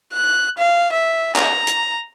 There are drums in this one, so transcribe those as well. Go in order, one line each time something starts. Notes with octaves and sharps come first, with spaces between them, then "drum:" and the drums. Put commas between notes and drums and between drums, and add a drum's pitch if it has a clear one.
F#6
F5
E5
A#5, drum: clap
drum: hi-hat